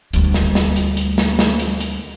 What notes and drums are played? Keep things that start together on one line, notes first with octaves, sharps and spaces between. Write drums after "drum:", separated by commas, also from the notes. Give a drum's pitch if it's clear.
D2 G3, drum: hi-hat
drum: snare
drum: snare
drum: hi-hat
drum: hi-hat
drum: snare
drum: snare
drum: hi-hat
drum: hi-hat